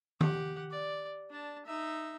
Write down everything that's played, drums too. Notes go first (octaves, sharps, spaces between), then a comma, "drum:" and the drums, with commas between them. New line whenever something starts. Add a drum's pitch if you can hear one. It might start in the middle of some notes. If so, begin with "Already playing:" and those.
G4 F#5, drum: tom D#3
D5
D4 A5
D#4 E5